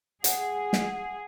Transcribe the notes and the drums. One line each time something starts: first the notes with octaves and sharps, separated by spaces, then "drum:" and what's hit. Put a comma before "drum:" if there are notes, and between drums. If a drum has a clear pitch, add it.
G#4 F#5, drum: hi-hat
drum: snare